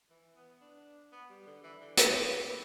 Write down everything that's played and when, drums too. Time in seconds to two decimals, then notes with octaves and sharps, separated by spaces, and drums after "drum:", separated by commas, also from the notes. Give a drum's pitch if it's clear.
0.10 E3
0.36 B3
0.61 D4
1.12 B3
1.30 G3
1.46 D3
1.63 E3
1.81 D3
1.97 D3, drum: hi-hat
2.14 B3
2.31 G3
2.48 E3